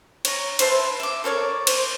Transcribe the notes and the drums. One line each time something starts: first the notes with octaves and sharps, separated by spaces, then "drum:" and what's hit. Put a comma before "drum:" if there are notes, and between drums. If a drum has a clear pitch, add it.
C#5 A#5, drum: cymbal
B4 C5 E5 A5, drum: cymbal
E5 D6
A4 A#4 C#5 D5
C5, drum: cymbal